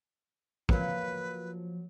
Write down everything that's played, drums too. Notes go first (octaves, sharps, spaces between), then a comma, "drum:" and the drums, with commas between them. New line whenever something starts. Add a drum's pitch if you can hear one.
F3 F#3 A#3 B4, drum: kick